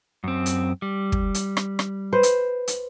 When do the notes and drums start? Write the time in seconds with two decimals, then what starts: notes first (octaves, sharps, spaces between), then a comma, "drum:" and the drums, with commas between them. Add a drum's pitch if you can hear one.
0.24 F#2 C4
0.46 drum: hi-hat
0.82 G3
1.12 drum: kick
1.34 drum: hi-hat
1.57 drum: rim click
1.79 drum: rim click
2.13 B4 C5
2.23 drum: hi-hat
2.68 drum: hi-hat